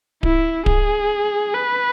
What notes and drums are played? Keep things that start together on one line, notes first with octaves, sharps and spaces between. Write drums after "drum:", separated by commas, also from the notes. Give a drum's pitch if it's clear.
E4, drum: kick D1
G#4, drum: kick D1
B4